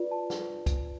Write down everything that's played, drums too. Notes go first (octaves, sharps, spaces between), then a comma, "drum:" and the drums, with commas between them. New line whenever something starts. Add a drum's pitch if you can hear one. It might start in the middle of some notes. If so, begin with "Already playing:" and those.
Already playing: F4 B4 D5
A5
drum: snare
drum: kick, hi-hat